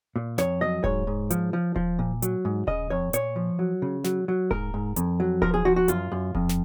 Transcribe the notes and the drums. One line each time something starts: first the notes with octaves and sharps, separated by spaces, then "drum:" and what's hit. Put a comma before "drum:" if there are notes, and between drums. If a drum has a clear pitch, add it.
A#2
F2 C#5, drum: snare
F#3 D#5
G#2 C#5, drum: kick D#1
G#2
F3, drum: hi-hat
F3
F3, drum: kick D#1
A#2
F#3, drum: hi-hat
G#2
C#3 D#5, drum: kick D#1
F2 C#5
A#2 C#5, drum: hi-hat
F3
F#3
C#3
F#3, drum: snare
F#3
G#2 A#4, drum: kick D#1
G#2
F2, drum: hi-hat
F#3
F3 A#4, drum: kick D#1
G#4
F3 F#4
F#4
F#2 F4, drum: hi-hat
F#2
F2, drum: kick D#1
drum: snare